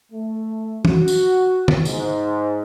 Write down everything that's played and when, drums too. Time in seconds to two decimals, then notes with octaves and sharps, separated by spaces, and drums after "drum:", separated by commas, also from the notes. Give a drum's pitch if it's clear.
0.12 A3
0.85 F#4, drum: tom
1.08 drum: tambourine
1.68 drum: tom
1.85 G#2, drum: tambourine